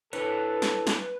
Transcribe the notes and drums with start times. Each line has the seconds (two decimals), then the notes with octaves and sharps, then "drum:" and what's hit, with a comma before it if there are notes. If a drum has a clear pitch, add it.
0.13 D4 E4 A4 B4 C#5, drum: hi-hat
0.62 drum: snare
0.87 drum: snare